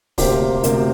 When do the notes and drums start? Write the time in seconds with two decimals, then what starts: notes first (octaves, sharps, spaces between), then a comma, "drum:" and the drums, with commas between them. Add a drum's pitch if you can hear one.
0.18 D2 C3 A#3 G4 C5, drum: kick, open hi-hat
0.63 D2 C3 A#3, drum: hi-hat